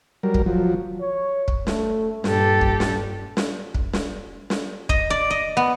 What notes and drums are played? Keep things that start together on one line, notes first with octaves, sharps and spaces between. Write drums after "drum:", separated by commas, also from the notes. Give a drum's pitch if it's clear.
F#3 G3 A#4
drum: kick
F3 F#3
C#5
drum: kick
A3, drum: snare
G2 A#2 G4 A4, drum: snare
drum: kick
drum: snare
drum: snare
drum: kick
drum: snare
drum: snare
D#5, drum: kick
D5
D#5
B3